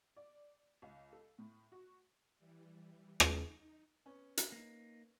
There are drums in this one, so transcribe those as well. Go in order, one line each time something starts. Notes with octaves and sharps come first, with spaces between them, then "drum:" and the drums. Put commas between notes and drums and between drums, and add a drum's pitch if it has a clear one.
D5
C#2
A4
A2
F#4
E3 G3
D#4, drum: rim click
B3 C#4
drum: hi-hat
A#3 D#4